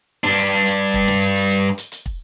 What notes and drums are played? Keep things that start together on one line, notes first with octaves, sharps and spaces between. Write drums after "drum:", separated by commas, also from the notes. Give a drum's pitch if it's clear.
G2 D4
drum: hi-hat
drum: hi-hat
drum: kick
drum: snare
drum: hi-hat
drum: hi-hat
drum: hi-hat
drum: hi-hat
drum: hi-hat
drum: kick